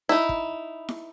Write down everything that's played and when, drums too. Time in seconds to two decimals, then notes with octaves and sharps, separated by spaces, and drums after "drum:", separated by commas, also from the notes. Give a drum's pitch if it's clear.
0.09 D#4 E4
0.29 drum: kick
0.89 drum: snare E4